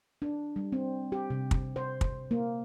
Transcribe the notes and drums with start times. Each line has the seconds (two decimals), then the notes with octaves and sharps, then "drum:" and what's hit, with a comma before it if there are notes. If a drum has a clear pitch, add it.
0.22 D4
0.56 G3
0.72 C4
1.12 G4
1.30 C3
1.51 drum: kick
1.76 C5
2.01 drum: kick
2.31 A#3